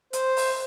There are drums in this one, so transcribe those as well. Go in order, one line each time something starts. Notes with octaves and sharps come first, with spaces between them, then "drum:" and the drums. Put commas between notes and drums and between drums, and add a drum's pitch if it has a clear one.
C5, drum: hi-hat
drum: open hi-hat